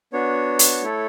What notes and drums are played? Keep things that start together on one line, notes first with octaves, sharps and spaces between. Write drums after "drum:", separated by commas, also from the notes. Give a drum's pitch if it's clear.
B3 D4 F#4 C#5
drum: hi-hat
A3 E4 A4